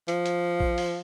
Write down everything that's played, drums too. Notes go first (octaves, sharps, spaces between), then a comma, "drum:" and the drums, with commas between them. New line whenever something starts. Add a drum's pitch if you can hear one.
F3, drum: hi-hat
drum: hi-hat
drum: kick A#1
drum: open hi-hat